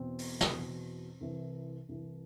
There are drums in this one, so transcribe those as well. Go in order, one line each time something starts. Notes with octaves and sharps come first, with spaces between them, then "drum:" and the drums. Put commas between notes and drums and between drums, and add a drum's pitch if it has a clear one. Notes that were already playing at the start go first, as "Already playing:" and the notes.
Already playing: E2 B2 C4
drum: open hi-hat
drum: snare
E2 B2
C2 C3 E3
C2 C3 E3